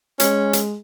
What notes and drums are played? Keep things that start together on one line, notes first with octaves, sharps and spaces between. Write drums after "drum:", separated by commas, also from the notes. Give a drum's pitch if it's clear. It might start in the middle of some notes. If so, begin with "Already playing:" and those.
G#3 C#4, drum: hi-hat
drum: hi-hat